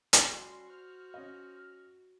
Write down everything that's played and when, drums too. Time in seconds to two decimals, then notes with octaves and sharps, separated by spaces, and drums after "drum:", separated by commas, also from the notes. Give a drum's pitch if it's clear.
0.13 drum: hi-hat
0.25 G3 C#4 F#4 C6
0.70 C5 F6
1.14 C#4 D#5